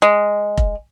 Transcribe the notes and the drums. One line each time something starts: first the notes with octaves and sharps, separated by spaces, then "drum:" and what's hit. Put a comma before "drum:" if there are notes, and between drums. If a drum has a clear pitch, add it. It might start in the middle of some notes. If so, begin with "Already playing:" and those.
G#3
drum: kick F1